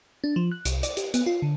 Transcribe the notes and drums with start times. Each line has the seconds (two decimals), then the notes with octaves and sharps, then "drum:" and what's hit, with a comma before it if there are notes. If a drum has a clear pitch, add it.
0.24 D4
0.36 F3
0.52 F#6
0.65 C2, drum: hi-hat
0.83 D5, drum: hi-hat
0.97 G4, drum: hi-hat
1.14 B3, drum: hi-hat
1.26 F4
1.42 D3